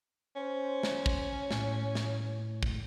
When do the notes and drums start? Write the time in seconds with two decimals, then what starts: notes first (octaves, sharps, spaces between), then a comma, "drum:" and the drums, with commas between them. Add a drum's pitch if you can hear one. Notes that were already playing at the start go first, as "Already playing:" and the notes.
0.36 C#4 C5
0.83 drum: snare
1.06 drum: kick
1.51 A2, drum: snare
1.95 drum: snare
2.63 drum: kick